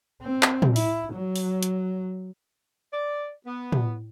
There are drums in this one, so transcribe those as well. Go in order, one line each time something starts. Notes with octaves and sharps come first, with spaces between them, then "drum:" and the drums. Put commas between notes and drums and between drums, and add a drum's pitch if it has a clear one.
C4
drum: clap
drum: tom
E4, drum: open hi-hat
F#3
drum: open hi-hat
drum: hi-hat
D5
B3
drum: tom